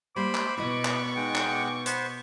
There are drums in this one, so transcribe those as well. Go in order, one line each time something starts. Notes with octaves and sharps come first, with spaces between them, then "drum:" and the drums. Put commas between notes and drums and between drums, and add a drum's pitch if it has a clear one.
G3 G#3 A#3 C5 B5 D6
drum: clap
B2 E4 B4 D#5 B5 C#6
drum: clap
G#3 D#4 F#5 G5
drum: clap
D6
B3 C5, drum: hi-hat